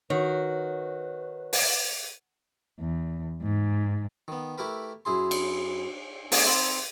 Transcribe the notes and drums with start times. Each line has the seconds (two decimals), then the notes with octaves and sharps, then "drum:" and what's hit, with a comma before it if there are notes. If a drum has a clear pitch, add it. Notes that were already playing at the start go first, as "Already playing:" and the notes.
0.10 D#3 F#4 B4 C#5
1.53 drum: open hi-hat
2.79 E2
3.42 G#2
4.28 D#3 B3
4.58 A3 E4 G4 A#4 B4
5.05 F#2 E4 G#4 C6
5.31 drum: cymbal
6.32 A3 B3 D4 G#4, drum: open hi-hat
6.46 C4 D#4 A4 B5